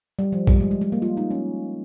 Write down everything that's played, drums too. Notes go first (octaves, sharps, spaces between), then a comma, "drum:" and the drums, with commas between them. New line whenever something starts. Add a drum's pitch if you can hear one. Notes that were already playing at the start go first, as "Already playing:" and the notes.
G3
F3
G3, drum: kick A#1
G#3
G#3
G#3
A#3
F4
D#4
C#4